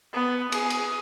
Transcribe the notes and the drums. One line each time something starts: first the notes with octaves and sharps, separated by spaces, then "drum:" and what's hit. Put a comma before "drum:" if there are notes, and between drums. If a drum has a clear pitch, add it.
B3
G#4, drum: cymbal
drum: cymbal